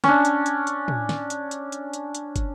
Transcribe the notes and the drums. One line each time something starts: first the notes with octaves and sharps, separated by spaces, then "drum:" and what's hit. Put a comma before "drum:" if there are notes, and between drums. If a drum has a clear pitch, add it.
C#4 D4, drum: snare
drum: hi-hat
drum: hi-hat
drum: hi-hat
drum: tom
drum: snare
drum: hi-hat
drum: hi-hat
drum: hi-hat
drum: hi-hat
drum: hi-hat
drum: kick, hi-hat